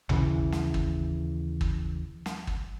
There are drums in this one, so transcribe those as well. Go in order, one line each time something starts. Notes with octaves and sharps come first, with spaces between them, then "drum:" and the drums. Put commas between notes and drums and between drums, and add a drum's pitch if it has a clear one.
D#2 C#3 E3, drum: tom A1
drum: snare
drum: kick
drum: kick
drum: snare
drum: kick